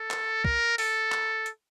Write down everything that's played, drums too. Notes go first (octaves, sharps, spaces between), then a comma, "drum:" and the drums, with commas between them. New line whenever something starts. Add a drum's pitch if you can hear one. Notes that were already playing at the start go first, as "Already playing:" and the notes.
Already playing: A4
drum: clap
A#4, drum: kick C2
A4, drum: open hi-hat
drum: clap
drum: hi-hat